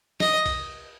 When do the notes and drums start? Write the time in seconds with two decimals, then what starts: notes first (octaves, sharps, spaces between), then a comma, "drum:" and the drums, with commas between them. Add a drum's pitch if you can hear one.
0.20 D#5, drum: snare
0.46 drum: kick B1, cymbal